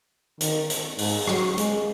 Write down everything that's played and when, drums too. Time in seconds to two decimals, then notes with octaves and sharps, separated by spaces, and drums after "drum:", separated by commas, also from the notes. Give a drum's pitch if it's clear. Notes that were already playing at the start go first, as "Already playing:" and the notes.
0.40 D#3, drum: hi-hat
0.70 drum: hi-hat
0.98 G#2, drum: open hi-hat
1.27 F#3, drum: rim click
1.58 G#3, drum: hi-hat